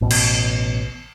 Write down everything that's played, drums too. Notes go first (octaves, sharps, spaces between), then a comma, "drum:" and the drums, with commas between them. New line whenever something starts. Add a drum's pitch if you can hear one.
A1 B2
drum: cymbal